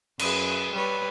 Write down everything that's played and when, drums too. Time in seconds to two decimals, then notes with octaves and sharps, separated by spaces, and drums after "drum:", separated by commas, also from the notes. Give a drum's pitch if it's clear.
0.19 F#2 G#4 B4, drum: cymbal
0.72 G3 B4 C#5